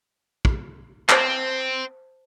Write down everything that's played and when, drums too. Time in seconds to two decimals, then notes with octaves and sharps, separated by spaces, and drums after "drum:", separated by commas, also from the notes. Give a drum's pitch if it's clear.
0.45 drum: kick
1.09 C4 C5 A5, drum: clap